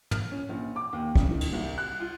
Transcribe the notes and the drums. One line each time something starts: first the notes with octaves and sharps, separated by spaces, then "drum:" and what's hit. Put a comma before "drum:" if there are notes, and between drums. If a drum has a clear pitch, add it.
F6, drum: tom
C#4
A#1
D6
D#2
C#3, drum: kick
D#3
drum: cymbal
C2
F#6
F4